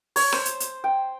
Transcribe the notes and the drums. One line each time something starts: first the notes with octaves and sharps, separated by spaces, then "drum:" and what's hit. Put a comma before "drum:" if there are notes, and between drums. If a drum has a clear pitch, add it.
C#5, drum: open hi-hat
C5, drum: rim click
drum: hi-hat
drum: hi-hat
G5